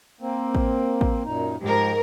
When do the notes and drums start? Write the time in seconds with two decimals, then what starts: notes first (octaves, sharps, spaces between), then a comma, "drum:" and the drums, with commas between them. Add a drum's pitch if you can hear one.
0.21 A#3 C4
0.55 drum: kick A1
1.01 drum: kick A1
1.24 F#2 A#2 D#4
1.62 G#2 F3 G4 A#4